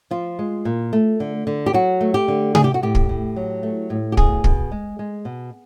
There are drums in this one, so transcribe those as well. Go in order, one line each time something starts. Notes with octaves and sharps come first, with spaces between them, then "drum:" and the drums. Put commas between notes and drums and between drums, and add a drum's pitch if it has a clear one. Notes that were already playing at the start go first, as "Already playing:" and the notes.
F3 F4
G#3
A#2
A3
D3
D3
G4
F#3 F#4
A3
G4
D3
A3 G#4, drum: tom C3
G4
F#4
A2 G4
drum: kick
A2
F#3
A3
A2
G4
B2 G#4, drum: kick
B2, drum: kick
G#3
G#3
B2